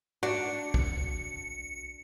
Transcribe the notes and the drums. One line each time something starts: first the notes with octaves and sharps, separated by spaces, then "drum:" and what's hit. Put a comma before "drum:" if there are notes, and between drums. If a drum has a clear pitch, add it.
D4 F#4 C#7
drum: kick B1